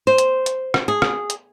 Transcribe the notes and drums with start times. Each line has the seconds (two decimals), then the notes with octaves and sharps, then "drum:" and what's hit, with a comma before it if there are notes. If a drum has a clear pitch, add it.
0.07 C5
0.18 drum: hi-hat
0.46 drum: hi-hat
0.74 drum: rim click
0.88 G#4
1.02 drum: rim click
1.30 drum: hi-hat